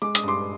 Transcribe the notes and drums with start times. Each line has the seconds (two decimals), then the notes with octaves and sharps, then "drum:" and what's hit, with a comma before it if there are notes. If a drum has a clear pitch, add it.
0.02 G#3 D6
0.15 D#6, drum: hi-hat
0.24 G2 C6 D6